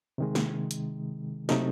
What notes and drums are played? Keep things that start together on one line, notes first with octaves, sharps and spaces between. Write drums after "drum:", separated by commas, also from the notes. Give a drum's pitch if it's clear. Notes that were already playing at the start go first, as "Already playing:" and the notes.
C3 D#3 G#3
drum: snare
drum: hi-hat
C3 F#3 A3 D#4, drum: snare